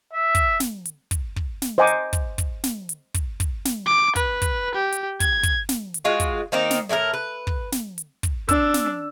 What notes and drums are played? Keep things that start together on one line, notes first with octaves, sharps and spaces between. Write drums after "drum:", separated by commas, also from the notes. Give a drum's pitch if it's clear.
E5
drum: kick, hi-hat
drum: snare
drum: hi-hat
drum: kick, hi-hat
drum: kick
drum: snare
C5 D#5 F#5 G#5 A#5 D6
drum: hi-hat
drum: kick, hi-hat
drum: kick, hi-hat
drum: snare
drum: hi-hat
drum: kick, hi-hat
drum: kick, hi-hat
drum: snare
D6
B4, drum: kick, hi-hat
drum: kick, hi-hat
G4
drum: hi-hat
G#6, drum: kick, hi-hat
drum: kick, hi-hat
drum: snare
drum: hi-hat
G#3 F4 F#4
drum: kick, hi-hat
D#3 A#3 C4 D#4
drum: snare
A2 E4 F#4 A#4
B4
drum: kick
drum: snare
drum: hi-hat
drum: kick, hi-hat
D4 E6, drum: kick, hi-hat
drum: snare